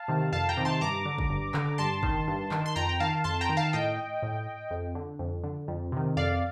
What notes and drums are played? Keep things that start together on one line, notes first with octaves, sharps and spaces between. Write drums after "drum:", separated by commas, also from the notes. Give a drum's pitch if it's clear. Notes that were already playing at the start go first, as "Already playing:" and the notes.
Already playing: F5 A5
C3 D#3
F2 F5 A5
G5 A#5
C3 D#3
A5 C6
G2 A#5 D6
D3
drum: kick
G2
D3, drum: clap
G2 A5 C6
D#3, drum: kick
G2
D#3, drum: clap
C6
F2 G5 A#5
G5
D#3 F5 A5
F2 A5 C6
G5 A#5
D#3
F5 A5
A2 D#5 G5
A2
F2
D3
F2
D3
F2
C3 D#3
F2 D5 F5